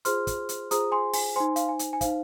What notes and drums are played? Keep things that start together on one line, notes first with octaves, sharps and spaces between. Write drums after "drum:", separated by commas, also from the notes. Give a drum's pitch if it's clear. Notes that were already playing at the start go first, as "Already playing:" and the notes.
F4 G#4 C5 C6 F6, drum: hi-hat
drum: kick, hi-hat
drum: hi-hat
F4 G#4 C5 A#5 D#6, drum: hi-hat
G#5 C6
G#5, drum: open hi-hat
D#4 C5 G#5 C6
F5, drum: hi-hat
G#5
drum: hi-hat
G#5
D#4 C5 F5, drum: kick, hi-hat